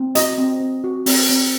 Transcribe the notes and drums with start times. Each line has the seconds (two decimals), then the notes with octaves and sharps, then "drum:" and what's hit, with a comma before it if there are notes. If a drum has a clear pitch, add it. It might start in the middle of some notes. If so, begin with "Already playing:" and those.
Already playing: C4
0.15 F#4 D#5, drum: hi-hat
0.38 C4
0.60 C4
0.84 F#4
1.06 C4, drum: open hi-hat
1.29 C4